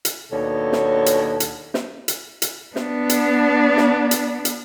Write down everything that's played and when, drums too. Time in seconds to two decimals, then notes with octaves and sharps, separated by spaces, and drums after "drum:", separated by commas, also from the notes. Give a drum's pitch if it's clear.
0.05 drum: hi-hat
0.31 D#2 B2 D4 A4 C#5
0.73 drum: snare
1.06 drum: hi-hat
1.40 drum: hi-hat
1.74 drum: snare
2.08 drum: hi-hat
2.42 drum: hi-hat
2.76 B3 D4, drum: snare
3.09 drum: hi-hat
3.77 drum: snare
4.11 drum: hi-hat
4.45 drum: hi-hat